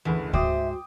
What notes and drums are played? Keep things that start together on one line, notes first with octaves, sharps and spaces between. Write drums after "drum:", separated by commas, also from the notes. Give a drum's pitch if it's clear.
F#1 D2 E3 B4
G#2 F#4 C5 E5 G5 D6 D#6, drum: kick D2